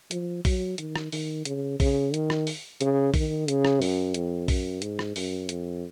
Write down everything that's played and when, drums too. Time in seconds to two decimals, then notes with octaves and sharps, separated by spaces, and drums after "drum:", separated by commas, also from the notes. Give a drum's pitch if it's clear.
0.11 F3, drum: hi-hat
0.45 F#3, drum: kick A#1, open hi-hat
0.78 D#3, drum: hi-hat
0.96 drum: rim click
1.12 D#3, drum: open hi-hat
1.45 C#3, drum: hi-hat
1.80 C#3, drum: kick A#1, open hi-hat
2.14 D#3, drum: hi-hat
2.30 drum: rim click
2.47 drum: open hi-hat
2.81 C#3, drum: hi-hat
3.14 D#3, drum: kick A#1, open hi-hat
3.48 C#3, drum: hi-hat
3.65 drum: rim click
3.82 F#2, drum: open hi-hat
4.14 F2, drum: hi-hat
4.48 F#2, drum: kick A#1, open hi-hat
4.82 G#2, drum: hi-hat
4.99 drum: rim click
5.16 F#2, drum: open hi-hat
5.49 F2, drum: hi-hat